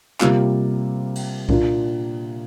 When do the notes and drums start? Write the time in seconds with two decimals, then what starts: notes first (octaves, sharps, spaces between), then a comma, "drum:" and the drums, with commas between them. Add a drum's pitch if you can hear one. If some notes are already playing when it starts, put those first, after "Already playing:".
0.20 C3 G3 A#3 F4, drum: clap
1.15 drum: cymbal
1.49 A#2 A#3 D4 F4, drum: kick C2